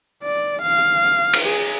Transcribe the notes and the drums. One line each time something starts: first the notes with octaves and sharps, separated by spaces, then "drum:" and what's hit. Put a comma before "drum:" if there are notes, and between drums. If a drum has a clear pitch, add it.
D5
F5
drum: cymbal
G#4